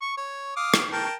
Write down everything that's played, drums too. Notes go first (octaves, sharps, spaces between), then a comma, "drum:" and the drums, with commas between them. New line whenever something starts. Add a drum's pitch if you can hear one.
C#6
C#5
F5 D6 D#6
drum: rim click
A#4 G5 A5